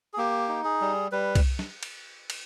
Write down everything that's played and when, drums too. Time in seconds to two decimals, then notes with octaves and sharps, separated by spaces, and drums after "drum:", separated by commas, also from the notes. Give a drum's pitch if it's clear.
0.13 G#4
0.17 A#3 G4
0.49 D#4
0.64 G#4
0.81 G3
1.12 G3 B4
1.35 drum: kick C2, cymbal
1.59 drum: snare
1.83 drum: cymbal
2.30 drum: cymbal